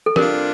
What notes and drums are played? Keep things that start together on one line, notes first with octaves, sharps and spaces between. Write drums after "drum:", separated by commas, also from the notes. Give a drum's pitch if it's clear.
A4
C3 G3 D4 F4 A#4, drum: snare